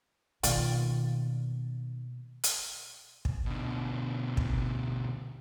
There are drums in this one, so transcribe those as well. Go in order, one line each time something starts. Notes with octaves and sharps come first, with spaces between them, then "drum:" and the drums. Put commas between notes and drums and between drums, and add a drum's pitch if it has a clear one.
B2 D#3 A#3 F4 D5 G5, drum: hi-hat
drum: hi-hat
drum: kick
B2 D3
drum: kick